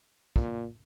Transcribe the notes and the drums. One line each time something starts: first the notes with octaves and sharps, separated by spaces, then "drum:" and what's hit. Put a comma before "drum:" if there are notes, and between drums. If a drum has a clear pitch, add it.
A#2, drum: kick